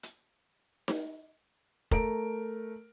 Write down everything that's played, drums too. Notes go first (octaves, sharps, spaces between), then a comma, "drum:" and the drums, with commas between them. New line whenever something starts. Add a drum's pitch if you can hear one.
drum: hi-hat
drum: snare D#4
A3 A#4 D7, drum: kick F1